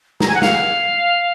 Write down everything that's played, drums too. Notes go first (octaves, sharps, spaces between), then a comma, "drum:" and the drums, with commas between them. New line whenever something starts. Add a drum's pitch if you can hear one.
A#5, drum: snare
G#5
F#5
F5, drum: snare